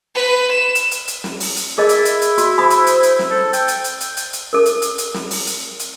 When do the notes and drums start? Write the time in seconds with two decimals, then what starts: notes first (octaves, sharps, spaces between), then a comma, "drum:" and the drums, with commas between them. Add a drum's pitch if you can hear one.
0.15 B4
0.51 E7
0.75 drum: hi-hat
0.91 drum: hi-hat
1.08 drum: hi-hat
1.24 drum: snare
1.40 drum: open hi-hat
1.56 drum: hi-hat
1.78 E4 G#4 A#4 D#5
1.89 drum: hi-hat
2.05 drum: hi-hat
2.21 drum: hi-hat
2.38 F#4, drum: hi-hat
2.58 C5 B5 D#6
2.70 drum: hi-hat
2.87 drum: hi-hat
3.03 drum: hi-hat
3.19 drum: snare
3.31 A4
3.53 G5, drum: hi-hat
3.68 drum: hi-hat
3.84 drum: hi-hat
4.00 drum: hi-hat
4.17 drum: hi-hat
4.33 drum: hi-hat
4.53 A4 A#4
4.66 drum: hi-hat
4.82 drum: hi-hat
4.98 drum: hi-hat
5.14 drum: snare
5.31 drum: open hi-hat
5.47 drum: hi-hat
5.79 drum: hi-hat